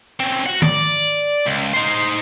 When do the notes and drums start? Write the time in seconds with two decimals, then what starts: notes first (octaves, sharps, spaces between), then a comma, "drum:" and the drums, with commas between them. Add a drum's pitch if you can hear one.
0.20 C4 C#4
0.46 F#4 F#5
0.62 D5, drum: tom D#3
1.47 C#2
1.73 D#4 C5